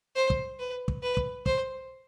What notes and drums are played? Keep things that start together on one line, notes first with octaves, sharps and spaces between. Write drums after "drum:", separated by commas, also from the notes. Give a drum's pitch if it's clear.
C5
drum: kick
B4
drum: kick
B4
drum: kick
C5, drum: kick